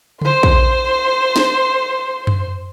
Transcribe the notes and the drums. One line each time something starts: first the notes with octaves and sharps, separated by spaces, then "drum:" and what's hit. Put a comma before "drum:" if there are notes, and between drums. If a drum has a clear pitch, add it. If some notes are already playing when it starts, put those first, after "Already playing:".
C5 C6, drum: tom C#3
drum: kick
drum: snare
drum: tom F#2